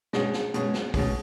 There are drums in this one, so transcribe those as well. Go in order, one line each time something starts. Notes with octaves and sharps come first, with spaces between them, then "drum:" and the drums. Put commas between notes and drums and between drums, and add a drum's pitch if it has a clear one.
B2 G#3 C#4 G#4, drum: snare
drum: snare
B2 G#3 C#4 G#4, drum: hi-hat
drum: snare
B2 G#3 C#4 G#4, drum: kick, open hi-hat